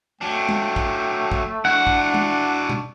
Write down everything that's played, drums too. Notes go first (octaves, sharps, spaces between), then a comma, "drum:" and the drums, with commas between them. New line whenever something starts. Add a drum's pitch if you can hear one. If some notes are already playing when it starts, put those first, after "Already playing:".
F#3 A3 D4 G5
drum: tom
drum: kick
drum: kick
D4 E4 F#4 F#5
drum: kick
drum: tom
drum: tom